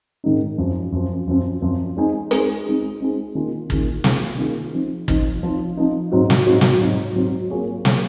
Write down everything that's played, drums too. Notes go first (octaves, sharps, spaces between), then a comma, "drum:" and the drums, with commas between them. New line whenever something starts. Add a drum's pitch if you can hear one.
G#2 D#3 G#3 D#4
F#2 F3 C4
F#2 F3 C4
F#2 F3 C4
F#2 F3 C4
G#3 C4 D#4 G#4
G#3 C4 D#4 G#4, drum: hi-hat
G#3 C4 D#4 G#4
G#3 C4 D#4 G#4
D#3 A#3 F4 G#4
D#3 A#3 F4 G#4, drum: kick
D#3 A#3 F4 G#4, drum: snare
D#3 A#3 F4 G#4
F3 C4 D#4
F3 C4 D#4, drum: kick
F3 C4 D#4
F3 C4 D#4
G#2 F#3 C4 F#4
drum: snare
G#2 F#3 C4 F#4
drum: snare
G#2 F#3 C4 F#4
G#2 F#3 C4 F#4
F#3 A#3 F4 G#4 C#5
F#3 A#3 F4 G#4 C#5, drum: snare